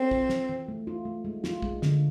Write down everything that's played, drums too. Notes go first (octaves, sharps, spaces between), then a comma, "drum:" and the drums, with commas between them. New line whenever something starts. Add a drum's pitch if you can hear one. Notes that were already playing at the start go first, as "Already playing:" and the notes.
Already playing: C4 A4
F4, drum: kick
E3, drum: snare
E3
A3
F4
A3
G#3
F4, drum: snare
G#3, drum: kick
D3, drum: snare